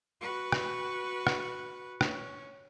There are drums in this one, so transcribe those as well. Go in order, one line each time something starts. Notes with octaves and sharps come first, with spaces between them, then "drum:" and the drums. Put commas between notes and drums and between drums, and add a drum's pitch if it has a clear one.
F#4 B4
drum: rim click
drum: rim click
C#4, drum: rim click